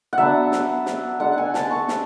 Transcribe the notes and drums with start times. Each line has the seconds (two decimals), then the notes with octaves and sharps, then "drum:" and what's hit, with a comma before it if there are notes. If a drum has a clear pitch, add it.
0.13 F#5
0.18 F#3 B3 D4 E5
0.52 drum: snare
0.86 drum: snare
1.20 G#3 D4 F#5
1.33 F#5 G#5
1.54 A5, drum: snare
1.71 C#6
1.88 drum: snare